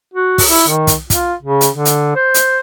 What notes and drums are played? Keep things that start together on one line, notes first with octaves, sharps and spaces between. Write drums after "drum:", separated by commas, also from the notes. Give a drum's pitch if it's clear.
F#4
drum: kick, open hi-hat
E4
D#3
drum: kick, hi-hat
F4, drum: kick, hi-hat
C#3
drum: hi-hat
D3
drum: hi-hat
C5
drum: hi-hat